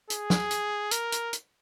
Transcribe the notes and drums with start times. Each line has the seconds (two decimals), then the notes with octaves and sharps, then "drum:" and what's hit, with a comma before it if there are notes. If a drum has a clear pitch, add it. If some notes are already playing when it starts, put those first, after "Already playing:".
0.10 G#4, drum: hi-hat
0.30 drum: snare
0.51 drum: hi-hat
0.91 A#4, drum: hi-hat
1.12 drum: hi-hat
1.33 drum: hi-hat